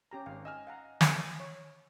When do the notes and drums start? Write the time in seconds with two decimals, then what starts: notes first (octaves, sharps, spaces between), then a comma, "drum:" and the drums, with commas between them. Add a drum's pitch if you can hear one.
0.11 C#4 G4 A#5
0.26 G#1 F5
0.45 D#5 G#5 E6 F6
0.67 F5 F#5 A#5
1.01 drum: snare
1.40 C#5